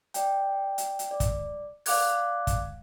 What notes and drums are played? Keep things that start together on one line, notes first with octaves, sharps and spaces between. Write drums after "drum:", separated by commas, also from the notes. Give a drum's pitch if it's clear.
D5 G5, drum: hi-hat
drum: hi-hat
drum: hi-hat
D5
drum: kick, hi-hat
D5 F5 F#5 D6 F#6 G#6, drum: open hi-hat
drum: kick, hi-hat